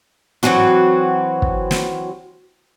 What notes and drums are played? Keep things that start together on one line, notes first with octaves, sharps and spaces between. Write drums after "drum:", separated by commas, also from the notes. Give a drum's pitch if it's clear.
E3 F#3 C4 F#4, drum: tom
drum: kick
drum: snare